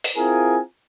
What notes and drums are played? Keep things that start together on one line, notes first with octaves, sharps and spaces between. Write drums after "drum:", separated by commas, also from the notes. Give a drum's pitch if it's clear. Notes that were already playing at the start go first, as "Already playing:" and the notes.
drum: open hi-hat
C4 E4 F4 G#4 A#4 G#5